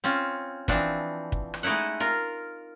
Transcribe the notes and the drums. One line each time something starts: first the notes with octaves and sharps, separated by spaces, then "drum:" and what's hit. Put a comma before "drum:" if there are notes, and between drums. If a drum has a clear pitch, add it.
C4 C#4 F4
E3 F3 C4 D4, drum: kick
drum: kick
drum: rim click
G#3 A3 D#4 E4 F#5
F4 A#4